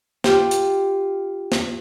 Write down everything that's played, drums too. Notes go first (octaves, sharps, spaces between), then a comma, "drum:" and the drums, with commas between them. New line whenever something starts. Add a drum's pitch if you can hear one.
F4 G4, drum: snare
drum: hi-hat
drum: snare